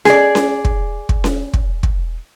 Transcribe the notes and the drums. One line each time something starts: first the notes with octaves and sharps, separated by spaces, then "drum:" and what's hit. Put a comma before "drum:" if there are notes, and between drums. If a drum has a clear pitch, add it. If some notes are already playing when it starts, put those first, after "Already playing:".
G#4 D5, drum: snare C#4
drum: snare C#4
drum: kick
drum: kick
drum: snare C#4
drum: kick
drum: kick